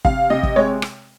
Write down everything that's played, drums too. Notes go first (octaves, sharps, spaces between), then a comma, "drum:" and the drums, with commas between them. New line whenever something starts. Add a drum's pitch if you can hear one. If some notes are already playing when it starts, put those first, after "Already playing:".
C3 F5, drum: kick
C3 D#5
drum: kick
G#3 C#5
drum: rim click